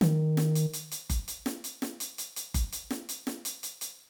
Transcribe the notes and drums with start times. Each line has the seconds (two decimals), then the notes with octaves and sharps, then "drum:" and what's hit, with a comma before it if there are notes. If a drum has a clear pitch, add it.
0.01 D#3, drum: snare
0.37 drum: snare
0.55 drum: hi-hat
0.73 drum: hi-hat
0.91 drum: hi-hat
1.10 drum: kick F#1, hi-hat
1.28 drum: hi-hat
1.46 drum: snare
1.64 drum: hi-hat
1.82 drum: snare
2.00 drum: hi-hat
2.18 drum: hi-hat
2.36 drum: hi-hat
2.54 drum: kick F#1, hi-hat
2.72 drum: hi-hat
2.91 drum: snare
3.09 drum: hi-hat
3.27 drum: snare
3.45 drum: hi-hat
3.63 drum: hi-hat
3.81 drum: hi-hat